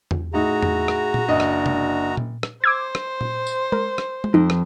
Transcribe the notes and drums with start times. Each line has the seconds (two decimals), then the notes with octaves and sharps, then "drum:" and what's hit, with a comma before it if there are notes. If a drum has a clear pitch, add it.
0.11 drum: tom E2
0.33 A2 D#4 F#4 G#4 A#5
0.62 drum: tom E2
0.88 drum: rim click
1.14 drum: tom A#2
1.28 F#1 D4 D#5
1.40 drum: rim click
1.66 drum: tom C3
2.17 drum: tom A#2
2.43 drum: rim click
2.64 C5 D6 E6 G#6
2.95 drum: rim click
3.21 drum: tom A#2
3.46 drum: tambourine
3.72 A#4, drum: tom G#3
3.98 drum: rim click
4.24 drum: tom G#3
4.34 F2 D#4
4.50 drum: rim click